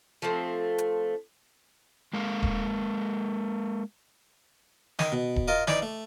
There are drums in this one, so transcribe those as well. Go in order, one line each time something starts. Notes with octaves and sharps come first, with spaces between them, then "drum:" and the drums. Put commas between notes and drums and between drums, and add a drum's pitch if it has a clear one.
F3 A3 A#3 C4
drum: hi-hat
G#3 A#3 F5
drum: kick D#1
D#3 D#5, drum: snare
B2
drum: kick D#1
F4 A#4 D#5
E3 D#4 D5, drum: snare
A3